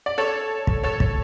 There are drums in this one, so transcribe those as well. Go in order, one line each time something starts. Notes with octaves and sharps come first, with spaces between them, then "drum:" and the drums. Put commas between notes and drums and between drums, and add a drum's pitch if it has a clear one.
D5
A4 C#5
drum: kick
A4 C#5
drum: kick